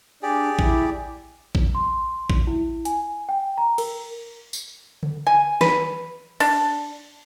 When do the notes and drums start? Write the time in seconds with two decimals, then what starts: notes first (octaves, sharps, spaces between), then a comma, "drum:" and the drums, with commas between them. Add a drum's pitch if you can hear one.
0.23 D4 G4 G#4 D5
0.59 E4, drum: kick A1
1.55 drum: kick A1
1.75 C6
2.30 drum: kick A1
2.47 E4
2.85 G#5, drum: hi-hat
3.29 G5
3.58 A#5
3.78 A#4, drum: cymbal
4.53 drum: tambourine
5.03 drum: tom C#3
5.27 G#5
5.61 B4, drum: snare
6.40 D4, drum: cymbal